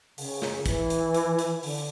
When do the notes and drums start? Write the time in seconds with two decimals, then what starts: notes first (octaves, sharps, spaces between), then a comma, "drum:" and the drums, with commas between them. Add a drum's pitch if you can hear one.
0.18 C#3, drum: open hi-hat
0.42 drum: snare
0.66 E3, drum: kick, hi-hat
0.90 drum: hi-hat
1.14 drum: hi-hat
1.39 drum: hi-hat
1.63 D3, drum: open hi-hat